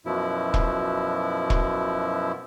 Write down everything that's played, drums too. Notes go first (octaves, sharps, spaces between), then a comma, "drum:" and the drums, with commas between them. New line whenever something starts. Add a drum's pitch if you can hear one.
F#2 B2 F3 E4
drum: kick E1
drum: kick E1